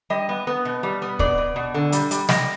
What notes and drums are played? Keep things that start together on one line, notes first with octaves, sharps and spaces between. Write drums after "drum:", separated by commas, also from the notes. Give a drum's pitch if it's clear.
G3 D#5
B3
B3
B2
G3
B3
B2 D5, drum: kick
B2
B2
D3
G3, drum: hi-hat
G3, drum: hi-hat
G3 D#5, drum: snare